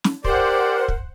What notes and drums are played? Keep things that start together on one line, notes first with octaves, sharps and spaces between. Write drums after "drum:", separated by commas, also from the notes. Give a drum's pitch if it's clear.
drum: snare
G4 A#4 C5 D5 F#5, drum: kick
drum: kick